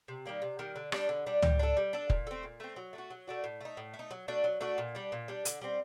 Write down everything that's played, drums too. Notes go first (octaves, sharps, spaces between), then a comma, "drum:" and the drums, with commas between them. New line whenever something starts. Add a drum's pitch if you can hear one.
C3
D#3 G3 A#3
C3
D#3 G3 A#3
D3
G3 D4, drum: rim click
D3
G3 D4
G3, drum: tom C#2
D4 A4
G3
D4 A4
A#2, drum: kick F1
A3 C4
A#2
A3 C4
F#3
A3 D4
F#4
F#3
A3 D4 F#4
A2
A3 D#4
A2
A3
D#4
F#3
A3 D4 F#4
F#3
A3 D4 F#4
A#2
G3 D4
A#2
G3 D4
D3, drum: hi-hat
G3 C4